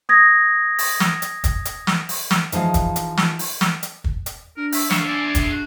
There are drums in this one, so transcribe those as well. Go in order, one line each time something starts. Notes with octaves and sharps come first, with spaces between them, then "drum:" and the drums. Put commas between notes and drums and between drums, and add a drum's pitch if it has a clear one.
D#6 G#6 A#6
drum: open hi-hat
drum: snare
drum: hi-hat
drum: kick, hi-hat
drum: hi-hat
drum: snare
drum: open hi-hat
drum: snare
E3 F3 D#4 G#4 F5, drum: hi-hat
drum: kick, hi-hat
drum: hi-hat
drum: snare
drum: open hi-hat
drum: snare
drum: hi-hat
drum: kick
drum: hi-hat
D4 A#4
E5, drum: open hi-hat
D4 C#5 E5 F5, drum: snare
D4 G#4 D5 E5
drum: kick, hi-hat
F#4